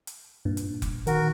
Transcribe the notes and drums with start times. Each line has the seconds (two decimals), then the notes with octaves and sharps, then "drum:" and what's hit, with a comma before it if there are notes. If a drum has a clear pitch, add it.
0.07 drum: hi-hat
0.45 G2 A#2
0.57 drum: hi-hat
0.82 drum: kick F1, hi-hat
1.07 D#3 F#4 A#4, drum: hi-hat